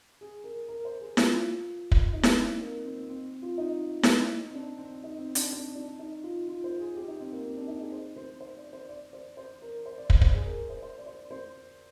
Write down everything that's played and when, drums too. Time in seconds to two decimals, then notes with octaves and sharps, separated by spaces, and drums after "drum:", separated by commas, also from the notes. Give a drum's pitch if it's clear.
0.21 G#4
0.44 A#4
0.68 A#4
0.85 C5
1.01 G#4
1.17 F4, drum: snare E4
1.91 drum: kick
2.13 D#4
2.23 drum: snare E4
2.38 C4
2.61 A#3
2.86 C4
3.10 C4
3.42 F4
3.58 D#4
4.03 drum: snare E4
4.51 C4
4.55 D4
4.78 C4
5.04 D#4
5.19 C4
5.35 D4, drum: hi-hat
5.51 D4
5.76 D4
5.99 D#4
6.24 F4
6.48 F4
6.64 C5
6.80 G#4
6.96 G4
7.08 D#4
7.20 C4
7.32 A#3
7.44 C4
7.57 D4
7.68 D#4
7.80 G#4
7.92 C5
8.16 C5
8.41 C5
8.57 D5
8.73 C5
8.89 D5
9.13 C5
9.37 C5
9.62 A#4
9.86 C5
9.98 D5
10.10 C5, drum: kick
10.21 C5, drum: kick
10.34 G#4
10.46 A#4
10.70 C5
10.83 C5
10.98 D5
11.07 C5
11.31 C5